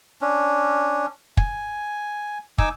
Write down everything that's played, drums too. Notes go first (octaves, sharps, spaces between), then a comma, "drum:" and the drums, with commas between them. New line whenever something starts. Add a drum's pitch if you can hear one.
C#4 D4
G#5, drum: kick
D#4 G#5 D6 E6, drum: kick